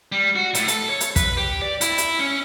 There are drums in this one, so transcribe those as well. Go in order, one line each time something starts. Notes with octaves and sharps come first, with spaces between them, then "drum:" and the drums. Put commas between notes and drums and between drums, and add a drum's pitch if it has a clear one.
G3
F#4
A2, drum: hi-hat
A4, drum: hi-hat
C#5
drum: hi-hat
B4, drum: kick, hi-hat
G4
D5
E4, drum: hi-hat
drum: hi-hat
C#4